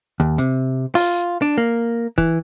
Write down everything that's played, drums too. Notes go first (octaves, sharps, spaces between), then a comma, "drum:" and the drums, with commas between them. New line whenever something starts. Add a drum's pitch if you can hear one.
D#2
C3, drum: hi-hat
F4, drum: open hi-hat
D4
A#3
E3, drum: kick